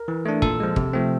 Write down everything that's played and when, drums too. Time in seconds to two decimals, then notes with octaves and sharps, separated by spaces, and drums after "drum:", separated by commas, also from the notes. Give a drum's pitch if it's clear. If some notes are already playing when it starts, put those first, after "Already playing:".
Already playing: A#4
0.08 E3
0.25 A3 D4
0.42 A#2 A4, drum: kick
0.60 F3 G#3
0.76 C3, drum: kick
0.93 F3 A3 C4